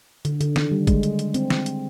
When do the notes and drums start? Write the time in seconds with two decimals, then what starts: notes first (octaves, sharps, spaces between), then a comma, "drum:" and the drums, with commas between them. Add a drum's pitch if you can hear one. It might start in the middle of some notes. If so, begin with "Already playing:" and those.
0.25 D3, drum: hi-hat
0.41 D3, drum: hi-hat
0.56 D#3, drum: snare
0.71 G3
0.87 G#3, drum: kick, hi-hat
1.03 drum: hi-hat
1.19 drum: hi-hat
1.34 C4, drum: hi-hat
1.50 drum: snare
1.66 drum: hi-hat